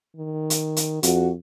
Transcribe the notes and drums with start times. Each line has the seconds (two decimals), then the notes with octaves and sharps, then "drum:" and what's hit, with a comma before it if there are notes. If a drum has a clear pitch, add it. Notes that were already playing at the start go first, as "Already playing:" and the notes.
0.17 D#3
0.50 drum: hi-hat
0.77 drum: hi-hat
1.03 F2 F#4, drum: hi-hat